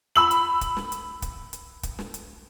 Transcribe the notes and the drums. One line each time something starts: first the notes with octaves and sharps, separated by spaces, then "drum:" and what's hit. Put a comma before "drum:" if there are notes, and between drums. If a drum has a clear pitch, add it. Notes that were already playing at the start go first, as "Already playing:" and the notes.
B5 E6 F#7
drum: hi-hat
drum: kick, hi-hat
drum: snare
drum: hi-hat
drum: kick, hi-hat
drum: hi-hat
drum: kick, hi-hat
drum: snare
drum: hi-hat